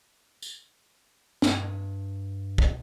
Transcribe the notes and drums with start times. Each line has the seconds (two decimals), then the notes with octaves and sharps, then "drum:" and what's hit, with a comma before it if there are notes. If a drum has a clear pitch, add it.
0.42 drum: tambourine
1.42 G2, drum: snare
2.58 drum: kick